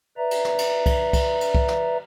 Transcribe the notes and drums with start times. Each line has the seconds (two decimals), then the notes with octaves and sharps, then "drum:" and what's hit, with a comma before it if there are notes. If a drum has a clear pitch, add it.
0.17 B4 D5 E5 A#5
0.31 drum: cymbal
0.45 drum: snare
0.58 drum: cymbal
0.86 drum: kick C2, cymbal
1.13 drum: kick C2, cymbal
1.41 drum: cymbal
1.55 drum: kick C2
1.68 drum: snare